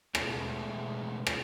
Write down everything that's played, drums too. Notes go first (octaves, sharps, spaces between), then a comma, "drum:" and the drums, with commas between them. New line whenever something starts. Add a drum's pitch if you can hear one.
B2 G#3 A3 B3 G#4 A4, drum: rim click
drum: rim click